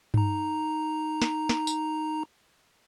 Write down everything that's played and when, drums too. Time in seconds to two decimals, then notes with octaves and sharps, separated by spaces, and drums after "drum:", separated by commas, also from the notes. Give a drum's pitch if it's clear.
0.14 D#4 A#5, drum: tom G2
1.22 drum: snare
1.49 drum: snare
1.67 drum: tambourine